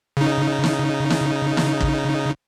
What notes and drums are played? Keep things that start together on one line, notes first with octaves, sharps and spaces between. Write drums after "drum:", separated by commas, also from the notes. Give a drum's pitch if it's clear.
C#3 D#4
drum: snare
drum: snare
drum: snare
drum: kick